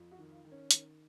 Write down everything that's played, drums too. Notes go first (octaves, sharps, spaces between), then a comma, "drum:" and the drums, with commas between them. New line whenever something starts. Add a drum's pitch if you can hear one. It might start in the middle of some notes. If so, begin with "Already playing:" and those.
Already playing: F2
F#4
D#3
F4
D#3
C#4
D#3, drum: hi-hat